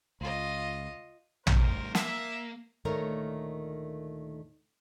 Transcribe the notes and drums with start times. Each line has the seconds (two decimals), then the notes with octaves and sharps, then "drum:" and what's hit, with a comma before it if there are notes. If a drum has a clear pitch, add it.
0.21 C#2 F4 D#5
1.47 A2 G3 A#4 C5, drum: tom
1.95 A#3 E5, drum: snare
2.85 D2 A#2 D#3 A3 A#4 C#5